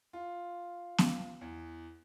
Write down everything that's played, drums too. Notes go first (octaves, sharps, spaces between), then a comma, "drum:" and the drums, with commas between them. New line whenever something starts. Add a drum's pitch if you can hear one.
F4
drum: snare
E2